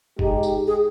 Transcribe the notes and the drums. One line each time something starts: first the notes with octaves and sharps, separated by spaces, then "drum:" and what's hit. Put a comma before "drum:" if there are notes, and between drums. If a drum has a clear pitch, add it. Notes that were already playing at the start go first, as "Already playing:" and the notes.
G#3 D#4 G4, drum: kick F#1
drum: tambourine
G#4